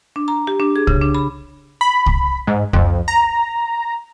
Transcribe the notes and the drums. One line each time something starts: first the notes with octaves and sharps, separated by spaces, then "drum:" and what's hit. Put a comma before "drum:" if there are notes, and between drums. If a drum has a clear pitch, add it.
D4
A#5
G4
D4
G#4
C#3, drum: kick C2
D4
B5
B5
drum: kick C2
G#2
F2, drum: kick C2
A#5